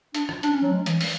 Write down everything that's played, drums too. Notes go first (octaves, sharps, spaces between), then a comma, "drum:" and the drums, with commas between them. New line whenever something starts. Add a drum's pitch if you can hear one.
D4, drum: hi-hat
drum: rim click
D4, drum: hi-hat
C#4
F#3
G#3
E3, drum: hi-hat
drum: open hi-hat